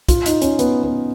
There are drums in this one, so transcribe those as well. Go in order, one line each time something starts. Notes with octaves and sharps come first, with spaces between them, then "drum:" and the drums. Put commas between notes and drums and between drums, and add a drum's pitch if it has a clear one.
F4, drum: kick, hi-hat
D#4, drum: hi-hat
C#4, drum: hi-hat
B3, drum: hi-hat
B3